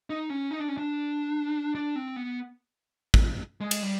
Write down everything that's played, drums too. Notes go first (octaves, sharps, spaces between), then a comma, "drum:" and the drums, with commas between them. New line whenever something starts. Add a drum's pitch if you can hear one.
D#4
C#4
D#4
D4
C#4
D4
D4
C4
B3
drum: kick
G#3
drum: cymbal
G3